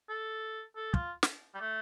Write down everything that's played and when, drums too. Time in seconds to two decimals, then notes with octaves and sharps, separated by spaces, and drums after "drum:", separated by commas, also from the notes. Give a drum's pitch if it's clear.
0.09 A4
0.76 A4
0.94 F4, drum: kick
1.23 drum: snare
1.55 G3
1.60 A3